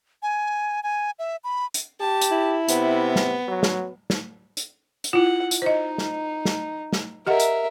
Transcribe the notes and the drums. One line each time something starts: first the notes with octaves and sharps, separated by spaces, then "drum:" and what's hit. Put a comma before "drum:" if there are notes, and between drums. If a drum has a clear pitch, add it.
G#5
G#5
E5
B5
drum: hi-hat
G4 A5
drum: hi-hat
E4
C3 B3, drum: hi-hat
drum: snare
F#3
drum: snare
drum: snare
drum: hi-hat
drum: hi-hat
E4 F4 F#5
drum: hi-hat
D#4 C5 D#5
drum: snare
drum: snare
drum: snare
G4 A#4 D#5 E5 F#5
drum: hi-hat